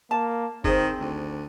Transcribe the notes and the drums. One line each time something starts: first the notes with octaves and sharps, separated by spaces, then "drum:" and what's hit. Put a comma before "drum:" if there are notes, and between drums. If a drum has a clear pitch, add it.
A#3 A5
D#3 C4 G#4 C5, drum: kick F#1
D2